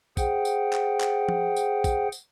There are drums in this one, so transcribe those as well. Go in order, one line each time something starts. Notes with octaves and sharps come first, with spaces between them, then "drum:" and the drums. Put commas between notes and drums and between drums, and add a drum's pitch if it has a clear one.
G#4 C5 F#5 G5, drum: kick, tambourine
drum: tambourine
drum: clap
drum: clap
drum: tom
drum: tambourine
drum: kick, tambourine
drum: tambourine